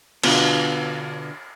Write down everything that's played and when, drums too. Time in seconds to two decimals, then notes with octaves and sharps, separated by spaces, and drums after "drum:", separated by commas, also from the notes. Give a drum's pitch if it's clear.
0.23 B2 D3 B3 F4, drum: cymbal